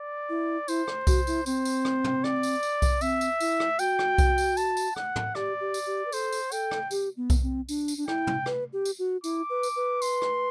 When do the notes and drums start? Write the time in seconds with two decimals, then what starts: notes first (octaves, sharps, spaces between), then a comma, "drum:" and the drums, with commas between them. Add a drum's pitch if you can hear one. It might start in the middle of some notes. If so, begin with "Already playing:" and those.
Already playing: D5
0.29 E4
0.68 E4 C5, drum: tambourine
0.88 drum: rim click
1.07 F#4, drum: kick B1, tambourine
1.27 E4, drum: tambourine
1.46 C4 C5, drum: tambourine
1.65 drum: tambourine
1.85 drum: rim click
2.04 drum: tom
2.24 D5, drum: rim click
2.43 drum: tambourine
2.63 drum: tambourine
2.82 drum: kick B1, tambourine
3.01 C4 E5, drum: tambourine
3.21 drum: tambourine
3.40 E4, drum: tambourine
3.60 drum: rim click
3.79 F#4 G5, drum: tambourine
3.99 drum: rim click
4.18 drum: kick B1, tambourine
4.38 drum: tambourine
4.57 A5, drum: tambourine
4.77 drum: tambourine
4.96 F#5, drum: rim click
5.16 drum: tom
5.35 G4 D5, drum: rim click
5.60 G4
5.74 drum: tambourine
5.86 G4
6.06 B4
6.12 A4 C5, drum: tambourine
6.32 drum: tambourine
6.52 A4 G5, drum: tambourine
6.71 drum: rim click
6.91 G4, drum: tambourine
7.17 B3
7.30 drum: kick B1, tambourine
7.43 C4
7.69 D4, drum: tambourine
7.88 drum: tambourine
7.97 D4
8.08 E4 G5, drum: rim click
8.27 drum: tom
8.46 B4, drum: rim click
8.73 G4
8.85 drum: tambourine
8.99 F#4
9.24 E4 D6, drum: tambourine
9.50 B4
9.63 drum: tambourine
9.76 B4
10.02 C6, drum: tambourine
10.22 drum: rim click